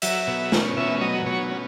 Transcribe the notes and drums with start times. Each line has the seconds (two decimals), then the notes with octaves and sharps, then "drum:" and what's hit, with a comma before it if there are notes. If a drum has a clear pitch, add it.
0.02 F#3 E5, drum: hi-hat
0.27 B2
0.52 C#4, drum: snare
0.77 B2 E5
1.01 F#3 D#5
1.26 B2 C#5
1.51 C#4